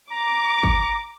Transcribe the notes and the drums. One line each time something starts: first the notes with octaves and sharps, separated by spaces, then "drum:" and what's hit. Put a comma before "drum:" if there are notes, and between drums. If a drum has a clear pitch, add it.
A#5 D6
drum: kick